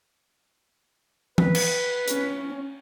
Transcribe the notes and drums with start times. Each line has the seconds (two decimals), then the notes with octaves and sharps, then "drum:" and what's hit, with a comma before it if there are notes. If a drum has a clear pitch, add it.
1.38 B4, drum: tom E3
1.55 drum: cymbal
2.08 C#4, drum: hi-hat